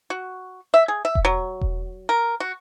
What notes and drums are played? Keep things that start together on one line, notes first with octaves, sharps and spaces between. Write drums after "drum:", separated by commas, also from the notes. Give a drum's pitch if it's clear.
F#4
E5
G#4
E5
drum: kick E1
F#3
drum: kick E1
A#4
F#4